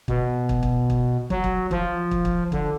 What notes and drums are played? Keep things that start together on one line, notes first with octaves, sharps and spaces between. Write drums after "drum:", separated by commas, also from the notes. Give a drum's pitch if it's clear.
B2, drum: kick
drum: kick
drum: kick
drum: kick
F#3, drum: kick
drum: kick
F3, drum: kick
drum: kick
drum: kick
D3, drum: kick